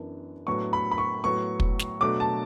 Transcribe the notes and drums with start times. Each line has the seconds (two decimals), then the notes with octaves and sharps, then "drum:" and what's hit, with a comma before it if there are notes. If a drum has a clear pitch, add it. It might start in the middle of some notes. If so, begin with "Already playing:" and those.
Already playing: F#2 E3 B3 D4
0.47 A2 F#3 B3 D4 C#6
0.73 B5
0.91 B5
0.98 C#6
1.24 A2 F#3 B3 C#6
1.60 drum: kick
1.79 drum: snare
2.01 B2 F#3 A3 D4 D6
2.20 A5